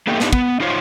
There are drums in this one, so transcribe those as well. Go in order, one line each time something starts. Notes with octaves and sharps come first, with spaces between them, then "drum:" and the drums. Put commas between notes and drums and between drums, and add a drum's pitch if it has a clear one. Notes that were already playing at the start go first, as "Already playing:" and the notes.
A#3 B3 D#4 G4 A4
B3 D4 D#4 G4, drum: snare
B3, drum: kick
D#4 F4 C5 C#5